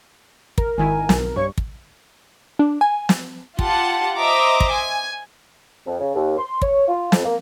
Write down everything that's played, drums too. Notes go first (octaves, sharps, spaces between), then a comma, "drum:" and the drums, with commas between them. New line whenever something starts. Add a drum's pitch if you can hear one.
A#4, drum: kick
G#1 D#3 E4 G#5
B1, drum: snare
G2 C#5 C#6
drum: kick
D4
G#5
drum: snare
F4 G4 F#5 A5, drum: kick
C5 D#5 E5 A#5 D6
drum: kick
G#5
F2
C#3
D#2
C6
C#5, drum: kick
F4
F2, drum: snare
A#3